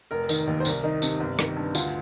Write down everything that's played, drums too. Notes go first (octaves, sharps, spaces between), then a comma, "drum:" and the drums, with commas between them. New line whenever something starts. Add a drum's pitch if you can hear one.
F1 A#4
D#3, drum: tambourine
D#2
C5
C2 A#4, drum: tambourine
D#3 D#4
C3, drum: tambourine
G1
D#3, drum: rim click
G2
D2 F4, drum: tambourine